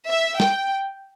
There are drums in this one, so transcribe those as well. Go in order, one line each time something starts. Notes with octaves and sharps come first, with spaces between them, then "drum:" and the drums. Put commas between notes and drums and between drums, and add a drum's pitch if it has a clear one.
E5
G5, drum: snare